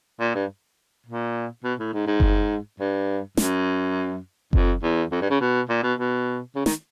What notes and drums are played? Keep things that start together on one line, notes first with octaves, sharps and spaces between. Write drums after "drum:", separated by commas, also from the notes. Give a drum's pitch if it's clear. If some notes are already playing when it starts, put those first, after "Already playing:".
A#2
G2
A#2
B2
A2
G#2
G#2
drum: kick F#1
G2
F#2, drum: snare
F2, drum: kick F#1
E2
F2
G2
C#3
B2
A#2
B2
B2
C#3
D#3, drum: snare